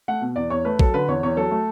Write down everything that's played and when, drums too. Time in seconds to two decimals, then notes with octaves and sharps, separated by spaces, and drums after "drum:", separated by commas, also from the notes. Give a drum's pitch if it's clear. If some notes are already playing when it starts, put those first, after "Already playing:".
0.08 A3 F#5
0.21 B2
0.36 E2 D5
0.50 E2 C#5
0.65 A3 B4
0.79 F#3 A4, drum: kick A#1
0.94 D3 B4
1.08 E2 C#5
1.23 E2 C#5
1.37 F#3 A4
1.51 A3